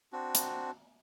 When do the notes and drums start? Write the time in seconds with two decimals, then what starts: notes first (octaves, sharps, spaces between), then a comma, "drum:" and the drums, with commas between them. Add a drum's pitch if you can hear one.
0.13 C4 D4 F#4
0.35 drum: hi-hat